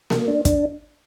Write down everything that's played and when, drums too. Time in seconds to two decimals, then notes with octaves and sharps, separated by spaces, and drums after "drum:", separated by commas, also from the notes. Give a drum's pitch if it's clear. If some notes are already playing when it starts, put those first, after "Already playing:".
0.10 A#3, drum: snare A#3
0.28 D4
0.45 D4, drum: kick, hi-hat